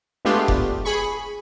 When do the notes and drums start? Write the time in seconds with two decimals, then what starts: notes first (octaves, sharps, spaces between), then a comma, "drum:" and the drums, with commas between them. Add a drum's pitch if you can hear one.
0.25 G#3 A3 B3 D4 F4 G4
0.48 drum: kick F1
0.85 G#4 B5 C#6